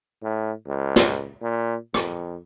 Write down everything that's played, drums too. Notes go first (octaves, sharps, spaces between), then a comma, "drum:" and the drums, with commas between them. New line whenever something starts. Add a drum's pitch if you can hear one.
A2
C#2
drum: snare
A#2
F2, drum: rim click